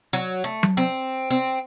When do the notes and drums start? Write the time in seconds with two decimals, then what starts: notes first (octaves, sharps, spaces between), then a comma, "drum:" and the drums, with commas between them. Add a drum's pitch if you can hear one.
0.13 F#3
0.44 A3
0.63 drum: tom F#3
0.77 C4
1.30 C4